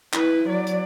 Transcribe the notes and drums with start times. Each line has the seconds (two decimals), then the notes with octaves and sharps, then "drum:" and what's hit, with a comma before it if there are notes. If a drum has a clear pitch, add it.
0.13 E4 B4, drum: clap
0.48 F#3 D5
0.66 drum: hi-hat